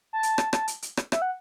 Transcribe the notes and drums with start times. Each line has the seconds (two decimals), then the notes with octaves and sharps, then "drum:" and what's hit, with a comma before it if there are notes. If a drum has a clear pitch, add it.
0.13 A5
0.23 drum: hi-hat
0.38 drum: rim click
0.53 A5, drum: rim click
0.68 drum: hi-hat
0.82 drum: hi-hat
0.97 drum: rim click
1.12 E5, drum: rim click
1.22 F#5